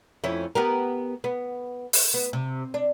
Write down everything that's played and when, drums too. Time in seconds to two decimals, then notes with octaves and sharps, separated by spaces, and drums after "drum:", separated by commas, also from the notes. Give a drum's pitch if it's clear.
0.24 F2 C#4 E4
0.55 B3 G4 A#4
1.24 B3
1.93 drum: open hi-hat
2.14 B3
2.33 C3
2.74 D4